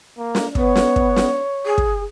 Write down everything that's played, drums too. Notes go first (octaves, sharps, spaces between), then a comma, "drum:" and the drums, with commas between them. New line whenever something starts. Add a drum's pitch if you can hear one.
A#3
drum: snare
B3 C#5, drum: kick
drum: snare
drum: kick
drum: snare
G#4
drum: kick